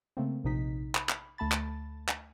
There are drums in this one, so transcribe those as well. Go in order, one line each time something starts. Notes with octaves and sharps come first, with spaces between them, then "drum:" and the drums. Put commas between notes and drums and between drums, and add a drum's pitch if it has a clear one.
C#3 A3 A#3 C4
A#1 C3 D#4 B6
B5, drum: clap
drum: clap
D2 A3 A5 B5 A6
drum: clap
drum: clap